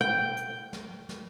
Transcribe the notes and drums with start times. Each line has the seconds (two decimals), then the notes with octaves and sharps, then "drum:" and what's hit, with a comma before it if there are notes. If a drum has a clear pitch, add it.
0.01 G5
0.37 drum: hi-hat
0.73 drum: snare
1.09 drum: snare